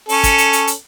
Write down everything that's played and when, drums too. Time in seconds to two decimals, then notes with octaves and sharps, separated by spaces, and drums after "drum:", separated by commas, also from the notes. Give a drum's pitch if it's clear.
0.09 C#4 A4, drum: open hi-hat
0.23 drum: kick, hi-hat
0.38 drum: hi-hat
0.53 drum: hi-hat
0.67 drum: hi-hat